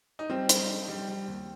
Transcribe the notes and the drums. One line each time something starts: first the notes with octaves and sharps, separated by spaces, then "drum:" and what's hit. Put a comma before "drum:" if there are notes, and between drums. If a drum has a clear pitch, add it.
D#4
G3 C4
G3, drum: hi-hat
D#4
G3
G3
D#2